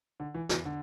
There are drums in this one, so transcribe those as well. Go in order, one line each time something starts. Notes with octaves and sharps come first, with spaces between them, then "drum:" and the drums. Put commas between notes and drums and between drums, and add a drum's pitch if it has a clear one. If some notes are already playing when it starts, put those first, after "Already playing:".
D3
E3
E3, drum: snare
D3